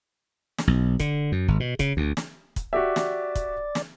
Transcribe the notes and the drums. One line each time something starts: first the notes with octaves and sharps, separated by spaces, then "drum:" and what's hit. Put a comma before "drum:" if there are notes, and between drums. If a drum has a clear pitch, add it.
drum: snare
B1
D3, drum: kick, hi-hat
F#2
G#1
B2
C#3, drum: kick, hi-hat
D2
drum: snare
drum: kick, hi-hat
F#4 G4 D5 E5
drum: snare
drum: kick, hi-hat
drum: snare